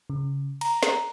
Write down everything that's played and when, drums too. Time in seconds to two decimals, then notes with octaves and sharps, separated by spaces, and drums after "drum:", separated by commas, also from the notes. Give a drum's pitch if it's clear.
0.10 C#3
0.61 A#5, drum: cymbal
0.83 drum: snare